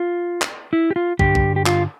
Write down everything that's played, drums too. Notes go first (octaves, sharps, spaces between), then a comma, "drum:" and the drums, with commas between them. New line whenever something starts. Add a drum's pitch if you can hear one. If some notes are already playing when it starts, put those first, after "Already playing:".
Already playing: F4
drum: clap
E4
G4
F4
G2 D3 G3 G4, drum: kick
drum: kick
G4
F4, drum: clap